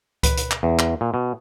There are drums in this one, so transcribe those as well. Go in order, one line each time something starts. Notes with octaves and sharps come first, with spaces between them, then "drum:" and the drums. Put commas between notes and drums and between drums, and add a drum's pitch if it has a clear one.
B4, drum: kick C#2, hi-hat
drum: hi-hat
drum: clap
E2
drum: clap
A#2
B2